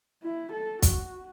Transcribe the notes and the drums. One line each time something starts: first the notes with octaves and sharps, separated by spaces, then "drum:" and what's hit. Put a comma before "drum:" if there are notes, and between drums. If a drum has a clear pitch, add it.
E4
A4
F#4, drum: kick, hi-hat